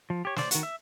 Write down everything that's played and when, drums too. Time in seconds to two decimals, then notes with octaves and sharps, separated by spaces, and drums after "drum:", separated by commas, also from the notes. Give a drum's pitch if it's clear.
0.10 F3
0.25 G4 C#5
0.36 C5 D5, drum: snare
0.51 D#3 F#4, drum: hi-hat
0.63 E5